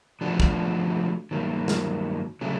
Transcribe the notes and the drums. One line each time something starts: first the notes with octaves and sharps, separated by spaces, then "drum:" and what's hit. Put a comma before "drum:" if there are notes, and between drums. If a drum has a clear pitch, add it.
F3 A3 D4 F#4
drum: kick
G2 D#3 F#3 A#3
drum: snare
C#3 F#3 A3